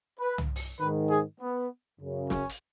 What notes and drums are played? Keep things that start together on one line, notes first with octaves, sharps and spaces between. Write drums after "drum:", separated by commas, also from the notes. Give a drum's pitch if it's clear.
B4
drum: tom
drum: open hi-hat
G#2 D#3 B4
G#4
B3
F#2 C#3
C#4, drum: snare
drum: hi-hat